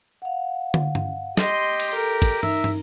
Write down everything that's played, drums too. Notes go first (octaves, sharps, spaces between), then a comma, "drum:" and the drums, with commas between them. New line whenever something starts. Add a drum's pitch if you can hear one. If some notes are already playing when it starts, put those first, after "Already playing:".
F5 F#5
drum: tom
drum: tom
G4 D#5 C6, drum: snare
drum: cymbal
A4 A#4
drum: kick, cymbal
D#4 E5, drum: tom
drum: tom